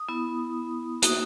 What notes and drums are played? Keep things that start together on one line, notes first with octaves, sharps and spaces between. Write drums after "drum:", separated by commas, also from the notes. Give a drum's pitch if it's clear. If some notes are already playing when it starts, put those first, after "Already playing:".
Already playing: D#6
B3 E4
A#3 D#4 F#4 D#6, drum: hi-hat